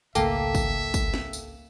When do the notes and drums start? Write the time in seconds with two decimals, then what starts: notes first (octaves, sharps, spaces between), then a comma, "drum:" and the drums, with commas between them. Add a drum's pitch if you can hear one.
0.15 G#1 C#2 A3 A#3 A4 E5 G5 A5, drum: tambourine
0.55 drum: kick, tambourine
0.94 drum: kick, tambourine
1.14 drum: snare
1.33 drum: tambourine